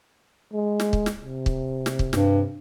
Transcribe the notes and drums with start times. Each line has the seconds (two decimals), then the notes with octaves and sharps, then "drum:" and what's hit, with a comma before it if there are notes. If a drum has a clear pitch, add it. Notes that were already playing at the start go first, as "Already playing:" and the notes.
0.53 G#3
0.80 drum: snare
0.93 drum: kick
1.06 drum: snare
1.21 C3
1.46 drum: kick
1.86 drum: snare
1.99 drum: kick
2.13 G2, drum: snare